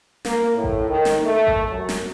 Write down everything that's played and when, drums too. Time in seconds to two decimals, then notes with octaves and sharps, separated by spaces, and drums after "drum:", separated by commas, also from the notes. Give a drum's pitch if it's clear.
0.25 A#3, drum: snare
0.54 A2
0.63 drum: kick A1
0.88 D#3
1.05 drum: snare
1.24 A3
1.47 drum: kick A1
1.68 F#2
1.89 drum: snare